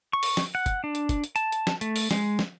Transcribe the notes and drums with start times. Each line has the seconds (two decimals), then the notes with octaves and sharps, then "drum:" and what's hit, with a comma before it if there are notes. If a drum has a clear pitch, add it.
0.13 C#6
0.23 drum: open hi-hat
0.37 drum: snare
0.55 F#5
0.66 drum: kick, hi-hat
0.84 D4
0.95 drum: hi-hat
1.09 drum: kick, hi-hat
1.24 drum: hi-hat
1.36 A5, drum: hi-hat
1.52 drum: hi-hat
1.67 drum: snare
1.81 A3, drum: hi-hat
1.96 drum: open hi-hat
2.11 G#3, drum: snare
2.39 drum: snare